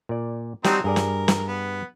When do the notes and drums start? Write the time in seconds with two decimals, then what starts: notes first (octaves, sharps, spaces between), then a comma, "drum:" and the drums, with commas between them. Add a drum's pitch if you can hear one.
0.09 A#2 D5
0.64 F#3 G3 C4 D#4 G5 A5, drum: snare
0.84 G2 G#4 A#4 D5
0.96 drum: snare
1.28 drum: snare
1.48 B3